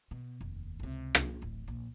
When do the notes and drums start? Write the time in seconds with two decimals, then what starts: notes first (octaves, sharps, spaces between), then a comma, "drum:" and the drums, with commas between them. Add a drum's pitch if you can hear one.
0.11 B2
0.41 F1 D#2
0.80 C#2 C3
1.15 drum: rim click
1.42 D1 A1
1.68 A#1